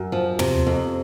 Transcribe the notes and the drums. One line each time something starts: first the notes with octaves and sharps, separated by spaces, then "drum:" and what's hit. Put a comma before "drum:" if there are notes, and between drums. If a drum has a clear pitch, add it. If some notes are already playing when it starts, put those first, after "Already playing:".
Already playing: F#2
F3
C3, drum: tom
F2